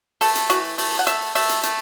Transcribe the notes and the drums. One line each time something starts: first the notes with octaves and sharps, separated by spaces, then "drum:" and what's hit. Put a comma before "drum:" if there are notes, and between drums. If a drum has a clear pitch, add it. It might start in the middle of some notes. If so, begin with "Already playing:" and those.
A3 A4, drum: open hi-hat
drum: hi-hat
E3 F#4, drum: hi-hat
A3, drum: open hi-hat
F#5
A3 E5, drum: hi-hat
A3 E5, drum: open hi-hat
drum: hi-hat
A3, drum: hi-hat